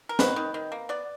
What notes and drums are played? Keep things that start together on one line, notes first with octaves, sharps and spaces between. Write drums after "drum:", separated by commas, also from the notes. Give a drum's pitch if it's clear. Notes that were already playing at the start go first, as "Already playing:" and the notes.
A#4
D#3 B4, drum: snare
D#3
D#3
A#3
B3 D5